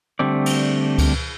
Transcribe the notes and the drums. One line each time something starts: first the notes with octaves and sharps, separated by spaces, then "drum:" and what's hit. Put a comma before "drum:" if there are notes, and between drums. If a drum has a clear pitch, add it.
D3 G3 A3 C4 D5
drum: cymbal
drum: kick C#2, cymbal